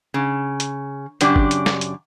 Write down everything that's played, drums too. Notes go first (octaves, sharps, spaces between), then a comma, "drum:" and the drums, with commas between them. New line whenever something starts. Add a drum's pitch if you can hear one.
C#3
drum: hi-hat
F#2 C#3 D4 G4 D5, drum: hi-hat
drum: kick G1
drum: hi-hat
drum: snare
drum: hi-hat